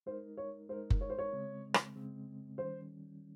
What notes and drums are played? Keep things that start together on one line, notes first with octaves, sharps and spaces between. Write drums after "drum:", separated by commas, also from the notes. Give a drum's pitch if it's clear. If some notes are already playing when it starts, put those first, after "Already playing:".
G#3 D#4 A#4 C5
C#5
G#3 D#4 A#4 C5
drum: kick F#1
C#5
C5
C#5
C#3 G#3 C4
drum: rim click
C#3 G#3 C4
D#3 G3 C#4 C5